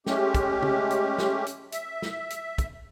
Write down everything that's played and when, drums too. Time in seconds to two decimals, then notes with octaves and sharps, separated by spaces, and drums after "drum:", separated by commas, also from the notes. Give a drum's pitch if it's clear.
0.07 G#3 A3 C#4 G4, drum: snare
0.35 drum: kick, hi-hat
0.62 drum: tom
0.90 drum: hi-hat
1.18 drum: snare
1.46 drum: hi-hat
1.72 E5, drum: hi-hat
2.02 drum: snare
2.30 drum: hi-hat
2.58 drum: kick, hi-hat